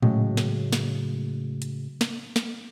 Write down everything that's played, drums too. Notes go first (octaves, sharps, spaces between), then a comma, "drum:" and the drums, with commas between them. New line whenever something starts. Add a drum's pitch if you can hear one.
A2 C#3 F#3 G#3, drum: tom A2
drum: snare
drum: snare
drum: hi-hat
drum: snare
drum: snare